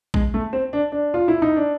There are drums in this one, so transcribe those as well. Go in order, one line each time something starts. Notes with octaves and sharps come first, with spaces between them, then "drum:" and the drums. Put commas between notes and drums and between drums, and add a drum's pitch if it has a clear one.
G#3, drum: kick A1
A3
C4
D4
D4
F4
E4
D#4
D4